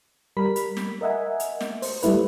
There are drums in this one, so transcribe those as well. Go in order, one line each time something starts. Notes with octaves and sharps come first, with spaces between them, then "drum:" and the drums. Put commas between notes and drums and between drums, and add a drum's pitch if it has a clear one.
G3 A#4 B5 B6
drum: hi-hat
drum: snare
A#4 D#5 E5 F#5 G#5
drum: hi-hat
drum: snare
C5, drum: open hi-hat
G3 A3 E4 B4, drum: hi-hat